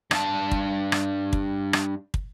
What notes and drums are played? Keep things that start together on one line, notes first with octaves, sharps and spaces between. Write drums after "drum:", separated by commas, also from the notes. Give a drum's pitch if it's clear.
G2 A5, drum: rim click
drum: kick
drum: rim click
drum: kick
drum: rim click
drum: kick